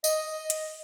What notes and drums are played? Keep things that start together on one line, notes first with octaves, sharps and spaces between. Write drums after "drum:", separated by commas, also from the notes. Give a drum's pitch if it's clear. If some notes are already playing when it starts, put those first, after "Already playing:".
D#5, drum: tambourine
drum: hi-hat